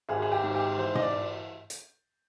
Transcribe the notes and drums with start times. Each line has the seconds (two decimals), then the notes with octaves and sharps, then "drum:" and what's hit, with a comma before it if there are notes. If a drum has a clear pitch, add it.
0.09 G#1 G#4, drum: cymbal
0.22 G#4
0.32 G4
0.43 G#2
0.55 G4
0.78 E3 C5
0.95 D#5, drum: tom G#2
1.02 D5
1.70 drum: hi-hat